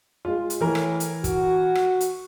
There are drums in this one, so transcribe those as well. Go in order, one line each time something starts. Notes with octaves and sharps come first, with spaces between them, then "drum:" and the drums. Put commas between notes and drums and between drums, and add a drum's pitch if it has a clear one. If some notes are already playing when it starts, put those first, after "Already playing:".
G#3 F4
drum: hi-hat
A2 E3 A#4
drum: rim click
drum: hi-hat
F#4, drum: kick, hi-hat
drum: rim click
drum: hi-hat